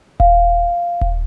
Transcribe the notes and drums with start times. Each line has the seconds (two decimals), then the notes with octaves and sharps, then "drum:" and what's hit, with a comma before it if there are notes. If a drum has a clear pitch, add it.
0.20 F5, drum: kick D#1
1.01 drum: kick D#1